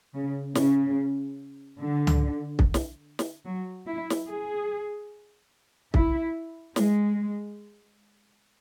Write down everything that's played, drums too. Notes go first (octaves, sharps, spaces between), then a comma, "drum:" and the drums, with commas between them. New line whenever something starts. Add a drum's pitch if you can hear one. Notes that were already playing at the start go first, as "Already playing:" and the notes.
C#3
C#3, drum: snare
D3
drum: tom C#2
drum: kick
drum: snare
drum: snare
F#3
E4
drum: snare
G#4
E4, drum: kick
G#3, drum: snare